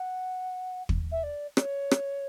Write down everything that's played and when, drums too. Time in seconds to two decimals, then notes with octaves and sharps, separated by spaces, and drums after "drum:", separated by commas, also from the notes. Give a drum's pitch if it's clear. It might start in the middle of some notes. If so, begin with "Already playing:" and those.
Already playing: F#5
0.89 drum: kick
1.12 E5
1.23 D5
1.57 D5, drum: rim click
1.62 C#5
1.91 drum: rim click